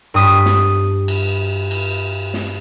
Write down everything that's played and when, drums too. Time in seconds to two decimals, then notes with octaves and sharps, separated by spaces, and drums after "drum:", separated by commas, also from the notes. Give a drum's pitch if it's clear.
0.14 G2 D#6 B6
0.45 drum: snare
1.08 drum: cymbal
1.71 drum: cymbal
2.34 drum: snare